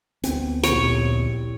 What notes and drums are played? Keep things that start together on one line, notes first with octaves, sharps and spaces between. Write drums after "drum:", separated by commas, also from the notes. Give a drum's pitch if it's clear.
D2 B3 C4, drum: hi-hat
A#1 E4 G4 C#5, drum: hi-hat